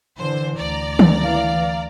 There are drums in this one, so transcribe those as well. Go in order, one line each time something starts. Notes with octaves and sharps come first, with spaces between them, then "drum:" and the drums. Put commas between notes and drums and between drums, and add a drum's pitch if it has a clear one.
D3 E3 C5
D2 D5 A#5
drum: tom D#3
E3 F5